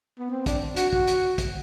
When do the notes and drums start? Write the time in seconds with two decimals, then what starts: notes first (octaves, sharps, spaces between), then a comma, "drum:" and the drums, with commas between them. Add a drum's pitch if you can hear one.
0.19 B3
0.31 C4
0.46 D4, drum: kick, hi-hat
0.76 F#4, drum: hi-hat
0.93 F#4, drum: kick
1.07 drum: hi-hat
1.38 drum: kick, hi-hat